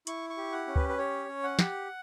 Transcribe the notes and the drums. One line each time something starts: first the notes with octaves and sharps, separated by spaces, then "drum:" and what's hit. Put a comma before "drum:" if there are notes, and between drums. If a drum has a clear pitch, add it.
E4 C#6, drum: hi-hat
C#6
G4
F#5
C#4
B4, drum: kick C#2
B4
G4 C#5
C#4
F#5
G4, drum: snare